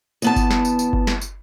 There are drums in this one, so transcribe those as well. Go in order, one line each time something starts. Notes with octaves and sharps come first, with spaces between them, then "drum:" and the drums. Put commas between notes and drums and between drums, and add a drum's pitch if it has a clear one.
E2 B3 A5, drum: tambourine
drum: kick G1, tambourine
drum: snare
drum: tambourine
drum: tambourine
drum: kick G1
drum: snare
drum: tambourine